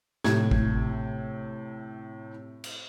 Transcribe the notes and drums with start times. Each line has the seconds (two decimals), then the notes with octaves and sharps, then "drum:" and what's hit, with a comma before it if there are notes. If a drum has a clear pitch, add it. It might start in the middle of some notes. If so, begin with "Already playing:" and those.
0.24 A2 C3 G#6, drum: snare
0.51 drum: kick G#1
2.64 drum: cymbal